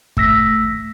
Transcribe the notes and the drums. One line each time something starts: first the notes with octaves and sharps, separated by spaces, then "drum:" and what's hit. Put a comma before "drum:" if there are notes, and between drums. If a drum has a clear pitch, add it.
A3 E6 A#6 B6, drum: kick